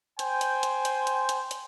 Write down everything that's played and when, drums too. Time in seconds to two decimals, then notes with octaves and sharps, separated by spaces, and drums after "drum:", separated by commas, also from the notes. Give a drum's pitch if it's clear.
0.19 C5 G5 G#5, drum: hi-hat
0.41 drum: hi-hat
0.63 drum: hi-hat
0.85 drum: hi-hat
1.07 drum: hi-hat
1.29 drum: hi-hat
1.51 drum: hi-hat